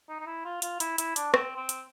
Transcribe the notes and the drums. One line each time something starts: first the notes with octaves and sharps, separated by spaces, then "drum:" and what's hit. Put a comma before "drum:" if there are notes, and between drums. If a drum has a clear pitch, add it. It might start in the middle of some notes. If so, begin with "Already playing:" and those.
D#4
D#4
E4
F4
F4, drum: hi-hat
E4, drum: hi-hat
E4, drum: hi-hat
D4, drum: hi-hat
C4, drum: rim click
C4
drum: hi-hat